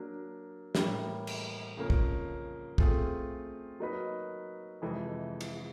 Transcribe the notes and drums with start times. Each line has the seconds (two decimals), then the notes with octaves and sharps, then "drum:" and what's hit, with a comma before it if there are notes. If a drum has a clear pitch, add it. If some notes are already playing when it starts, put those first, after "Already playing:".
Already playing: F#3 A#3 D4
0.75 A2 E3 G3 A#3, drum: snare
1.27 drum: cymbal
1.77 F2 C#3 F3 A#3 C#4
1.90 drum: kick
2.78 A3 C4 F4 G#4, drum: kick
3.80 F#3 A#3 D#4 F#4 B4
4.82 F2 C3 E3 G#3
5.41 drum: cymbal